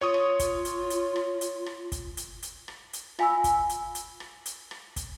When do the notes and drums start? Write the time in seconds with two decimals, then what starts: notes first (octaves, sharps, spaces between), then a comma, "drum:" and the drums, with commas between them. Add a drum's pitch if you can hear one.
0.01 F4 C#5 C#6 D#6
0.14 drum: rim click
0.39 drum: kick, hi-hat
0.65 drum: hi-hat
0.90 drum: hi-hat
1.16 drum: rim click
1.41 drum: hi-hat
1.66 drum: rim click
1.92 drum: kick, hi-hat
2.17 drum: hi-hat
2.43 drum: hi-hat
2.68 drum: rim click
2.93 drum: hi-hat
3.19 F4 F5 G#5 B5 C#6 E6, drum: rim click
3.44 drum: kick, hi-hat
3.69 drum: hi-hat
3.95 drum: hi-hat
4.20 drum: rim click
4.46 drum: hi-hat
4.71 drum: rim click
4.96 drum: kick, hi-hat